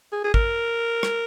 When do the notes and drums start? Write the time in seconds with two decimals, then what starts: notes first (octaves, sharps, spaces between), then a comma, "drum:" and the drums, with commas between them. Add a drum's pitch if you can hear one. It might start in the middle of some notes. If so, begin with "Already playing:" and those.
0.12 G#4
0.24 G#4
0.34 A#4, drum: kick G#1
1.03 drum: rim click